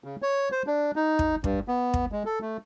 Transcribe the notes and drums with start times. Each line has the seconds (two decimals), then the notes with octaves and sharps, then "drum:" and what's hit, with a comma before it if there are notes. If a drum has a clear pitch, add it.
0.04 C#3
0.22 C#5
0.52 C5
0.67 D4
0.96 D#4
1.19 drum: kick
1.44 G2, drum: kick
1.68 B3
1.94 drum: kick
2.12 G#3
2.25 A4
2.42 A3